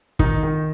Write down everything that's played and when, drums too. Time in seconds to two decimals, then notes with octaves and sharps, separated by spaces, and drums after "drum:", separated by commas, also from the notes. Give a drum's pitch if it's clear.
0.19 D#3 D#4, drum: kick
0.43 D#3